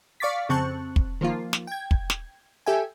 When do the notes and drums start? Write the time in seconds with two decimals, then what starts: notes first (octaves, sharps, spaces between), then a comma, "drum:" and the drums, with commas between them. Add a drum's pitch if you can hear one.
0.20 D5 F5 C#6 D6 A6 B6
0.49 F2 C#3 C4 A5 C#6 F#6
0.96 drum: kick
1.21 D#3 F3 A#3 F4
1.53 drum: snare
1.67 G5 G#6
1.91 drum: kick
2.10 drum: snare
2.66 G4 A4 E5 G5 G#5